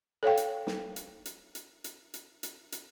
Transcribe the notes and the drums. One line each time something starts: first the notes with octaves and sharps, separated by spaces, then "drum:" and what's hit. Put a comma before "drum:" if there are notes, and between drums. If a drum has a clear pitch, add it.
A4 C#5 F5 G5
drum: hi-hat
drum: snare
drum: hi-hat
drum: hi-hat
drum: hi-hat
drum: hi-hat
drum: hi-hat
drum: hi-hat
drum: hi-hat